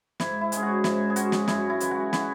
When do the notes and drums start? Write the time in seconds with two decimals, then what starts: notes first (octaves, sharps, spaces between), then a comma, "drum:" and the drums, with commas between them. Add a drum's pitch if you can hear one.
0.20 G#2 E4, drum: snare
0.41 E4
0.52 G#3 C#4 G#4, drum: hi-hat
0.63 F#4
0.84 G#2 E4, drum: snare
1.10 G#4
1.16 G#3 C#4 F#4, drum: hi-hat
1.32 drum: snare
1.48 F#2 E4, drum: snare
1.70 E4
1.80 C#3 E3 G#3, drum: hi-hat
1.91 F#4
2.13 E4, drum: snare